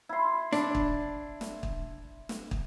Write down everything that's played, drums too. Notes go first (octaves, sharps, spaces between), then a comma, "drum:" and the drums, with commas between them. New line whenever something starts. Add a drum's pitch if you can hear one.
E4 C6
D4, drum: snare
drum: kick
drum: snare
drum: kick
drum: snare
drum: kick